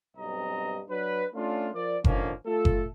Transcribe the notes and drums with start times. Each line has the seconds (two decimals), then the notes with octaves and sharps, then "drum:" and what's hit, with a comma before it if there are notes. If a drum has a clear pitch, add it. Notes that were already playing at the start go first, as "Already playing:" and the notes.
0.17 B1 G2 C4 D#5 A#5
0.90 F#3 D4 B4
1.35 A3 C#4 D4 F4
1.75 F3 A#4 D5
2.04 D3 D#3 F3 A#3 C#4, drum: kick F#1
2.46 A3 F4 A4
2.65 drum: kick F#1